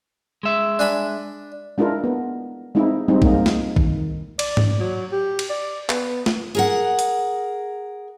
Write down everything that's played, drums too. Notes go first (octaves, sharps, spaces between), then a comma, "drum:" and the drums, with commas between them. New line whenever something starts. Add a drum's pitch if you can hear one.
G#3 E5
D4 G#5 B5
G#3 D4 E4 F4 A#4
B3
G#3 C4 D#4 E4
G3 G#3 C4 D#4
G#3 A#3 D#4, drum: kick
drum: snare
D#3, drum: kick
D5, drum: cymbal
drum: tom G#2
F#3
G4
drum: cymbal
D5
B3, drum: clap
drum: snare
G#4 A#4 F#5
drum: hi-hat